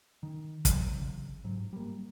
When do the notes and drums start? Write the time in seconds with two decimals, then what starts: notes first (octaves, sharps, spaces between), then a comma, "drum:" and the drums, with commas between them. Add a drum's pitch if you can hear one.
0.23 D#3
0.65 C3 E3 F#3, drum: kick, hi-hat
1.01 C#3
1.44 G#2 F#3
1.73 G3 A#3